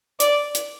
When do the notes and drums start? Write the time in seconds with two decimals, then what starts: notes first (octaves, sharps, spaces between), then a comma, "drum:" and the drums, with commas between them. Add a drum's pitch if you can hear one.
0.20 D5, drum: hi-hat
0.55 drum: hi-hat